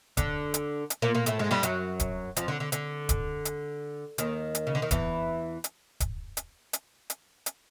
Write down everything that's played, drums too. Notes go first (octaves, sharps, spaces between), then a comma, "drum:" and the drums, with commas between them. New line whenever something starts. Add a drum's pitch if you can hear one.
D3 D4, drum: kick, hi-hat
drum: hi-hat
drum: hi-hat
A#2 A#3
A#2 A#3
A2 A3, drum: hi-hat
G#2 G#3
G2 G3
F#2 F#3, drum: hi-hat
drum: kick, hi-hat
F2 F3, drum: hi-hat
D3
D3
D3, drum: hi-hat
drum: kick, hi-hat
drum: hi-hat
D#2 D#3, drum: hi-hat
drum: hi-hat
C#3
D3
D#3
E2 E3, drum: kick, hi-hat
drum: hi-hat
drum: kick, hi-hat
drum: hi-hat
drum: hi-hat
drum: hi-hat
drum: hi-hat